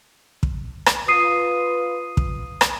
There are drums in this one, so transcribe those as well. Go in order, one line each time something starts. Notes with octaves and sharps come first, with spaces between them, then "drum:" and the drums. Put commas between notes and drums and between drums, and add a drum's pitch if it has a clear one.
drum: kick
drum: rim click
F4 B4 D#6 C7 D#7
drum: kick
drum: rim click